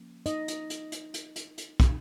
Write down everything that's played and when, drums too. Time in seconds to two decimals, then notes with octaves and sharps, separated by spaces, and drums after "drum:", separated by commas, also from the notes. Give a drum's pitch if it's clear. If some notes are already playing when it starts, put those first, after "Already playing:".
Already playing: F3 A#3 C#4
0.26 D#4 D#5, drum: hi-hat
0.48 drum: hi-hat
0.70 drum: hi-hat
0.92 drum: hi-hat
1.14 drum: hi-hat
1.36 drum: hi-hat
1.58 drum: hi-hat
1.80 drum: kick, hi-hat